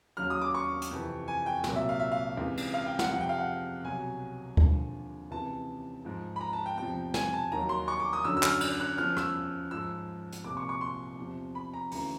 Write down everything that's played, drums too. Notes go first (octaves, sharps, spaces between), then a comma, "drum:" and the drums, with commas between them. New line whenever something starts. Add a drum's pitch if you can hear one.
D#2 C#3 F#3 F6
D#6
D6
C#6
drum: hi-hat
F2 C3 E3
G#5
G5
C2 A#2 F#3, drum: snare
E5
F5
E5
F5
C#2 C3 E3
drum: cymbal
F5
G5
F#5, drum: snare
F2 C3 F3 F#5
G5
F5
F#5
C2 B2 F#3 G#5
D#2 D3 F3, drum: kick D2
C#2 C3 E3 A5
G#2 F3
B5
A#5
A5
G5
E2 C3 F3 G5
G#5, drum: snare
A5
D#2 D#3 F#3 A#5
C6
C#6
D6
D#6
F#2 D3 F#3 E6
E6
F6, drum: clap
F#6, drum: cymbal
F#6
E2 C#3 F3 F6
E6, drum: rim click
G#2 F3 E6
drum: hi-hat
C2 A#2 F3 D6
C#6
C#6
C6
E2 C3 F3
B5
A#5
D2 C#3 E3 A#5, drum: open hi-hat